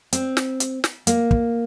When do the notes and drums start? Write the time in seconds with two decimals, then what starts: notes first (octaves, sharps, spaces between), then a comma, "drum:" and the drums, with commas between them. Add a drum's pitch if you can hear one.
0.13 C4, drum: hi-hat
0.37 drum: snare
0.60 drum: hi-hat
0.84 drum: snare
1.07 A#3, drum: hi-hat
1.31 drum: kick